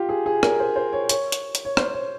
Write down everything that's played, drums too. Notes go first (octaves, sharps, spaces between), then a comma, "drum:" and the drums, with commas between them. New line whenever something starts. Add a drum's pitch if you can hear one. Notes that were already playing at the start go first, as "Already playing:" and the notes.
Already playing: F4 G4
G#4
G#4
A#4, drum: rim click
C5
C5
C#5
C#5, drum: hi-hat
drum: hi-hat
drum: hi-hat
C#5
C5, drum: rim click
C#5